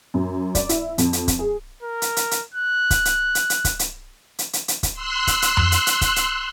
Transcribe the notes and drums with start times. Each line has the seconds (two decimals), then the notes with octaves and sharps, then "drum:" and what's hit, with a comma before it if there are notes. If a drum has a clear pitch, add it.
0.14 F#2
0.55 D5, drum: kick, hi-hat
0.69 E4, drum: hi-hat
0.98 F2, drum: hi-hat
1.13 drum: hi-hat
1.28 drum: kick, hi-hat
1.39 G#4
1.83 A#4
2.02 drum: hi-hat
2.16 drum: hi-hat
2.31 drum: hi-hat
2.54 F#6
2.91 drum: kick, hi-hat
3.05 drum: hi-hat
3.35 drum: hi-hat
3.50 drum: hi-hat
3.65 drum: kick, hi-hat
3.79 drum: hi-hat
4.39 drum: hi-hat
4.53 drum: hi-hat
4.68 drum: hi-hat
4.83 drum: kick, hi-hat
4.94 C6 E6 F#6
5.27 drum: kick, hi-hat
5.42 drum: hi-hat
5.57 drum: tom F2
5.72 drum: hi-hat
5.87 drum: hi-hat
6.01 drum: kick, hi-hat
6.16 drum: hi-hat